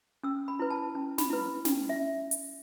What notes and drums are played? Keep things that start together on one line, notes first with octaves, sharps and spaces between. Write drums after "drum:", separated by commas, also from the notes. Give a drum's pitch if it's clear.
C#4 E6
B5
E4 B4
A5
C#4
B5, drum: snare
E4 B4
C#4, drum: snare
E5
drum: hi-hat